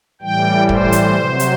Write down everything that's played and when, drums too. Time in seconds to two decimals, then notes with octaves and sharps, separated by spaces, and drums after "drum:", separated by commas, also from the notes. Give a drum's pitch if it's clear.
0.21 A2 E3 G3 G5
0.69 C5, drum: kick E1
0.92 drum: hi-hat
1.16 C3 F#3
1.39 drum: hi-hat